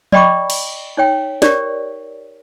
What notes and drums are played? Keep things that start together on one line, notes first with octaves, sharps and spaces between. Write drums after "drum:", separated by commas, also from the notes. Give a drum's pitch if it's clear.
D5 D#5 G5 B5 C#6 D6, drum: tom F3
drum: cymbal
D#4 C#5 G5
G4 A#4 C#5 D5, drum: snare